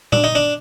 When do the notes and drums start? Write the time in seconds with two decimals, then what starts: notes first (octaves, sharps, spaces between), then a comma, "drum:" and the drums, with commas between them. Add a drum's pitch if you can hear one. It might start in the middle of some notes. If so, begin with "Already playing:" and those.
0.12 D4, drum: tom A#2
0.24 D#4
0.35 D4